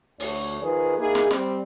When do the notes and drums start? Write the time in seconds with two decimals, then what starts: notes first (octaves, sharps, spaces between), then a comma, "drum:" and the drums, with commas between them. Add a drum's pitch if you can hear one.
0.20 D2 C#5, drum: open hi-hat
0.62 D#3 F3 G#4 B4
0.99 A#3 D#4 E4 G#4
1.15 drum: snare
1.31 G3 C4, drum: snare